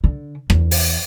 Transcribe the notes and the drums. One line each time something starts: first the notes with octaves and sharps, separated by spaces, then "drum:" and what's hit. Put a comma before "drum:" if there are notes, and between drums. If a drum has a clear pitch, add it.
D3
E2, drum: rim click
drum: open hi-hat